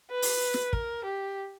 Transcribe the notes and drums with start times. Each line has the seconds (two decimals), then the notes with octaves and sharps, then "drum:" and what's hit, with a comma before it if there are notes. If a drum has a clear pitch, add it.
0.11 B4
0.22 drum: open hi-hat
0.54 drum: snare
0.73 A#4, drum: kick
1.04 G4